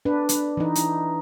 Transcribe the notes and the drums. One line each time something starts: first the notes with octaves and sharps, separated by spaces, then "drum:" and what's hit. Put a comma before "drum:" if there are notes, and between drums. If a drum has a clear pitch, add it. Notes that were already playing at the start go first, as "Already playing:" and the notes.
D4 B4
drum: hi-hat
E3 D#4
drum: hi-hat